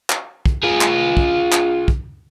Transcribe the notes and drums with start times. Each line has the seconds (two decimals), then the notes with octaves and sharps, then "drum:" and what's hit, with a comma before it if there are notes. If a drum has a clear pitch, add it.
0.10 drum: clap
0.45 drum: kick
0.63 F4 G#4
0.81 drum: clap
1.17 drum: kick
1.52 drum: clap
1.88 drum: kick